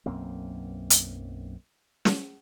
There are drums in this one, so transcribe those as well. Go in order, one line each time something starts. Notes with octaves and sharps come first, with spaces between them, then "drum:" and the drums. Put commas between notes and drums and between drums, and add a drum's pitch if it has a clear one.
B1 F#2 A#3 C4
drum: hi-hat
drum: snare